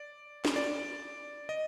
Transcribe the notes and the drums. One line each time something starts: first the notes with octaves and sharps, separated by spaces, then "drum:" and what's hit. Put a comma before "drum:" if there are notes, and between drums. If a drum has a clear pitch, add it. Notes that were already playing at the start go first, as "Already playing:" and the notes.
Already playing: D5
drum: snare
D5
D#5